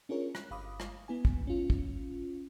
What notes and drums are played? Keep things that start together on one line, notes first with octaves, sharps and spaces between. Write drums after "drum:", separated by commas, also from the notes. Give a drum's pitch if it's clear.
C#4 D4 F4 G#4 A#4 C#5
F#6, drum: rim click
G1 F5 B5 D6 D#6
drum: rim click
B3 E4 G#5
drum: kick
C#4 F4
drum: kick